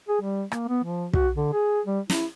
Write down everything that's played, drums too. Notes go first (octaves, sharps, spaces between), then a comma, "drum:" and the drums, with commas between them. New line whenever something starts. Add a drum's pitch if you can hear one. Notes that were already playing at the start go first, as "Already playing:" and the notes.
G#4
G3
A#3, drum: rim click
B3
F3
F#4, drum: kick
D3
G#4
G3
E4, drum: snare